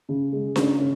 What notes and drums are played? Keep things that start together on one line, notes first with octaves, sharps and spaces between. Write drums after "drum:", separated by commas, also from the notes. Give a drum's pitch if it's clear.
C#3
G#3
C#3, drum: snare D4
C#4